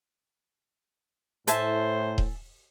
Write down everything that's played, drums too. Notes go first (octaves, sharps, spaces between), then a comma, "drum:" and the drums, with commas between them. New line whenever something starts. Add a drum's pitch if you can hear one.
A2 C5 E5 G#5 A5, drum: hi-hat
drum: kick D#1